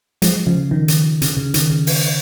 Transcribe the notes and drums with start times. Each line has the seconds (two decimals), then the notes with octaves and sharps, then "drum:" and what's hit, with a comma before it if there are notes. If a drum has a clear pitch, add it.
0.22 F3 G#3, drum: hi-hat
0.47 C#3 F3
0.71 D#3
0.88 drum: hi-hat
1.22 C#3, drum: hi-hat
1.37 C#3
1.54 D#3, drum: hi-hat
1.70 C#3
1.87 drum: open hi-hat